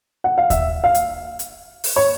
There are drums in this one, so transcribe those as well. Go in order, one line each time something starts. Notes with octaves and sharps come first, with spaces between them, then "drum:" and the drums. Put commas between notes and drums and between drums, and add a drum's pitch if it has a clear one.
F#5
F5
E5, drum: kick D#2, hi-hat
F5
drum: hi-hat
drum: hi-hat
drum: open hi-hat
C#5